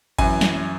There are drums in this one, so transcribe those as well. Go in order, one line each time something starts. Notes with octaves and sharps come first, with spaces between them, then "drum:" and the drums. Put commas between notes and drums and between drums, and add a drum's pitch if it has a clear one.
F#2 E3 G#5, drum: kick G#1, cymbal
drum: snare